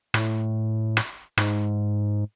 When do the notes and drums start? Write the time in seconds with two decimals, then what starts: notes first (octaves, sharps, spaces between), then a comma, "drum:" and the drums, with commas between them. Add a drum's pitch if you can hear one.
0.14 A2, drum: rim click
0.97 drum: rim click
1.38 G#2, drum: rim click